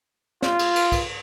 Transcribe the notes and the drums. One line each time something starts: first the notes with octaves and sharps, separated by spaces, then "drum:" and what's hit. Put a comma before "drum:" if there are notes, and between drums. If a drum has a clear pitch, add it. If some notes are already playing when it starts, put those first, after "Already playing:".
F4, drum: snare
drum: cymbal
drum: cymbal
drum: kick, cymbal